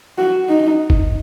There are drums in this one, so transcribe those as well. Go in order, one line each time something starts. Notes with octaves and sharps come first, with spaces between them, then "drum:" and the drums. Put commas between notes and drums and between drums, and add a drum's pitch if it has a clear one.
F#4
D#4
drum: kick